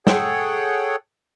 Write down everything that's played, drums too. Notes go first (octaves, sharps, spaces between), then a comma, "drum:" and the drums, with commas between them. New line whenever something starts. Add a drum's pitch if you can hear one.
G#4 A4 C#5 F#5 G5, drum: snare